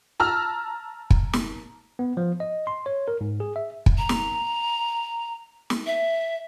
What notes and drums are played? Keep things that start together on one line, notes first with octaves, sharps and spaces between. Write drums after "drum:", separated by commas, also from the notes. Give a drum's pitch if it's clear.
A5 A#5 E6 F6
drum: kick
drum: snare
B3
F3
D#5
C6
C#5
A#4
G#2
G#4
E5
drum: kick
A#5
drum: snare
drum: snare
E5